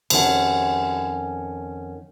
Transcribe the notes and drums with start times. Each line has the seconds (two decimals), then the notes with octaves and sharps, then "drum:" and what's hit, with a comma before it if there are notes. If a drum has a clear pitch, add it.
0.10 F2 D#3 C#4 F#5, drum: cymbal